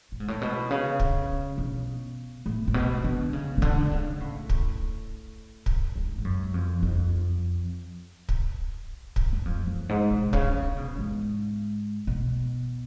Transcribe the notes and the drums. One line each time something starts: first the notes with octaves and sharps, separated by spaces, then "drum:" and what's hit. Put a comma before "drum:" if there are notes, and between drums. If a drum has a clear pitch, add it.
A2
G#2
A2
B2
C#3
drum: kick
B2
A2
A2
B2
D3
C#3
C#3
D3, drum: kick
D3
C#3
A2
drum: kick
drum: kick
G#2
G#2
F#2
F2
F2
drum: kick
drum: kick
F#2
F2
F#2
G#2
B2
C#3, drum: kick
C#3
B2
G#2
B2